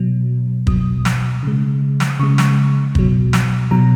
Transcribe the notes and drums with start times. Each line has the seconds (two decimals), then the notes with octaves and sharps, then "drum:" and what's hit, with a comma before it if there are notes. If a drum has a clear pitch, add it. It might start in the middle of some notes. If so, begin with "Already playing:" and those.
Already playing: B2 F#3
0.67 B2 F#3 D#6, drum: kick
1.05 drum: snare
1.43 C#3 G#3
2.00 drum: snare
2.10 D#6
2.20 C#3 G#3 C#6
2.38 drum: snare
2.95 B2 F#3, drum: kick
3.33 drum: snare
3.71 B2 F#3 A#5